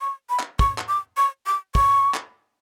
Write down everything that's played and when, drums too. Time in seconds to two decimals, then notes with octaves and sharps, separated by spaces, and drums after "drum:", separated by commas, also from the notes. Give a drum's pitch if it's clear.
0.01 C#6
0.29 B5
0.39 drum: clap
0.59 C#6, drum: kick
0.78 drum: clap
0.88 D6
1.17 C#6
1.46 D6
1.75 C#6, drum: kick
2.14 drum: clap